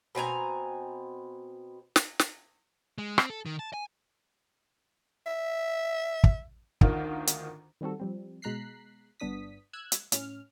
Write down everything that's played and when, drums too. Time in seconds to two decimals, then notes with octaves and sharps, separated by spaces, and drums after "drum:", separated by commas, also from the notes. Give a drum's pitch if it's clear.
0.15 B2 C4 G#5 A#5
1.96 drum: snare
2.19 drum: snare
2.98 G#3
3.18 C4, drum: rim click
3.30 A4
3.46 D#3
3.59 A5
3.74 G#5
5.26 E5
6.24 drum: kick
6.81 D2 D#3 F4, drum: kick
7.27 drum: hi-hat
7.81 D#3 G3 C4 F#4 A4
8.00 F3 G3 C4
8.42 B2 G#3 A#5 F#6 B6 C7
9.20 G1 G2 B3 D4 D#6 B6
9.73 E6 F#6 G#6
9.92 drum: hi-hat
10.12 A2 C#4 F6, drum: hi-hat